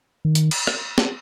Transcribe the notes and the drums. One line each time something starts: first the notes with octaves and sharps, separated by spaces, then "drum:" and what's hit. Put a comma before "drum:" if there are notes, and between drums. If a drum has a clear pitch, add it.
D#3
drum: hi-hat
drum: cymbal
drum: rim click
drum: snare